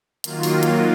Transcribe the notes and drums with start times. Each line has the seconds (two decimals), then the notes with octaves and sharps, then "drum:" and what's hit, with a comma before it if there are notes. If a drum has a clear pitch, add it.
0.24 D#3 F#3 A#3 F4, drum: hi-hat
0.43 drum: open hi-hat
0.63 drum: hi-hat